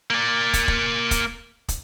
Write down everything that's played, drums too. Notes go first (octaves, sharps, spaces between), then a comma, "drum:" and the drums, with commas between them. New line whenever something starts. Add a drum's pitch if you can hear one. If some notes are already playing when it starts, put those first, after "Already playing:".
A#3 D5
drum: kick, hi-hat
drum: kick
drum: kick, hi-hat
drum: kick, hi-hat